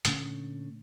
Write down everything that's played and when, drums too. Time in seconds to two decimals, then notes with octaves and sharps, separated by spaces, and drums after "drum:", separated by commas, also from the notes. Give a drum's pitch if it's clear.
0.05 A#2 D3 A3 C#4, drum: hi-hat